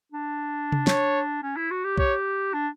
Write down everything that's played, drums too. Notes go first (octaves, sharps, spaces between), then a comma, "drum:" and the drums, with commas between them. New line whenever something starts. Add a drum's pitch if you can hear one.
D4
drum: tom C3
C#5, drum: snare
C#4
E4
F#4
G4
G4 C#5, drum: kick
D4